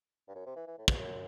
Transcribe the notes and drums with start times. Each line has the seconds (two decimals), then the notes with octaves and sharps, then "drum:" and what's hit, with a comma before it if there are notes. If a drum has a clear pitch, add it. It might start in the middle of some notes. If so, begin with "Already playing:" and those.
0.28 G2
0.35 F#2
0.46 C3
0.56 E3
0.67 E3
0.78 A2
0.88 E2, drum: kick
0.99 F#2